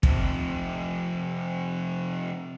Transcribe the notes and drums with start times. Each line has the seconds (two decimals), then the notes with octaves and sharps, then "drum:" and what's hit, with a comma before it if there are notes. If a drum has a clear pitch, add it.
0.03 F2 C3, drum: kick